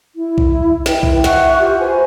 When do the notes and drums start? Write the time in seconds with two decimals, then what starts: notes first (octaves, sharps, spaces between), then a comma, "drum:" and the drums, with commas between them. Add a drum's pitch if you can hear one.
0.16 E4
0.38 drum: kick B1
0.86 E4 B4 G5, drum: snare
1.03 drum: kick B1
1.24 E5 F#5 C#6 F#6, drum: snare
1.60 F4 G4
1.80 B4 C5 G#5